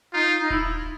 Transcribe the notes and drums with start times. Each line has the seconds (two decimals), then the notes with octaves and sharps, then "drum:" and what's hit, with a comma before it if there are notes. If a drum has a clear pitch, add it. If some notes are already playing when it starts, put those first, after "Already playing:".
0.13 D#4 F4
0.40 D#4
0.50 E4, drum: kick D#1